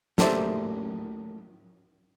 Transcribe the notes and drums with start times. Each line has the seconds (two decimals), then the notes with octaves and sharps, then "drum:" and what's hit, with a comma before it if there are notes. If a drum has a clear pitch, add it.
0.18 A3 A#3 G4 C5 D5 E5, drum: snare